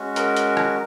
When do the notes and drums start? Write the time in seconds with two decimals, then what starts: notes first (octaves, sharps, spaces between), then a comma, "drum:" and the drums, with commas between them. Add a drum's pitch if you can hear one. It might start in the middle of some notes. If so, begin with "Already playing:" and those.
Already playing: G#3 C#4 F#4
0.16 A#4, drum: hi-hat
0.37 drum: hi-hat
0.57 drum: rim click